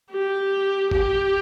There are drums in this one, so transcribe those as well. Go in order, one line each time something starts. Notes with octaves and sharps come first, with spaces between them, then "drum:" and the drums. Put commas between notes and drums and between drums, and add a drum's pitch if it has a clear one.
G4
G4, drum: kick